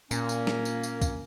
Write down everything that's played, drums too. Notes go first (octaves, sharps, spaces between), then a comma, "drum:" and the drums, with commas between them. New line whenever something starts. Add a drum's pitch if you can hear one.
A#2 A#3 C#4, drum: tambourine
drum: tambourine
drum: snare
drum: tambourine
drum: tambourine
drum: kick, tambourine